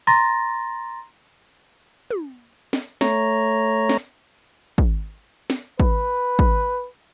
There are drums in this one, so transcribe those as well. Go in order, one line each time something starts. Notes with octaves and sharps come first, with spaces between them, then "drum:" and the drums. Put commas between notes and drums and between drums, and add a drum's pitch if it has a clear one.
A#5 C6 A6 A#6, drum: open hi-hat
drum: tom
drum: snare
A3 C#5 A#5, drum: snare
drum: snare
drum: kick
drum: snare
B4, drum: kick
drum: kick